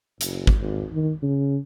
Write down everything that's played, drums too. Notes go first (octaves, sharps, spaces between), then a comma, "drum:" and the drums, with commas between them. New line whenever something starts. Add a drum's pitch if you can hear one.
F#1, drum: hi-hat
drum: kick G#1
G#1
D#3
C#3